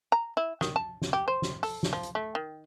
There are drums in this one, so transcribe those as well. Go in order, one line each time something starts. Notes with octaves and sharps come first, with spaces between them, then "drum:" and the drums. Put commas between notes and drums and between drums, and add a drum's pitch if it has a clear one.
A#5
E4
D#3, drum: snare
A5
drum: snare
G4
C5
drum: snare
A4, drum: open hi-hat
drum: snare
F3
drum: hi-hat
A3
D#3